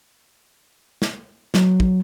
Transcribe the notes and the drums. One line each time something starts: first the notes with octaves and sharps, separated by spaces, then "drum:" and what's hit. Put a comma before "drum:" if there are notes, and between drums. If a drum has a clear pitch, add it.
drum: snare
F#3, drum: snare
drum: kick